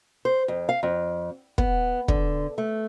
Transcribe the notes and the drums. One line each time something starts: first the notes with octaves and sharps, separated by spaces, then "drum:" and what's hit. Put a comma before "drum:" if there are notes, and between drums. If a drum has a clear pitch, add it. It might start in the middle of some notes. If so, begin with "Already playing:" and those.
C5
F2
F5
F2
B3, drum: kick
D3, drum: kick
A3